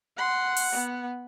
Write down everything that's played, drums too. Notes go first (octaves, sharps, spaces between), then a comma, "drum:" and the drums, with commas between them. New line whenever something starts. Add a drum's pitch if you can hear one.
F#5 C6
drum: open hi-hat
B3